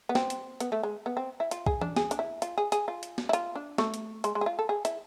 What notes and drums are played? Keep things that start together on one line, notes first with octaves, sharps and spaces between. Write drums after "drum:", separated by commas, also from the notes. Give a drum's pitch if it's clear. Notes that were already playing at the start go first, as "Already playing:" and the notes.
B3
C4, drum: snare
drum: hi-hat
B3, drum: hi-hat
A3
G#3
B3
C4
E4
F4, drum: hi-hat
G#4, drum: kick
D4, drum: tom E3
G#4, drum: snare
D4, drum: hi-hat
E4
F4, drum: hi-hat
G#4
G#4, drum: hi-hat
F4
drum: hi-hat
drum: snare
E4
F4, drum: hi-hat
D4
A3, drum: snare
drum: hi-hat
G#3, drum: hi-hat
G#3
G#4
F4
A4
G#4
E4, drum: hi-hat